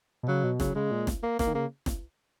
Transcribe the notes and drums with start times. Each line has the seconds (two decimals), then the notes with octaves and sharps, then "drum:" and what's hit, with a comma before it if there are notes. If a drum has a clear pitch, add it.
0.23 B2
0.28 C#3 F#3
0.44 B2
0.60 C#3 F#3, drum: snare
0.75 C#3 G#3
0.91 A#2
1.07 drum: snare
1.23 A#3
1.39 A#3, drum: snare
1.47 D#3
1.54 C#3 A#3
1.86 drum: snare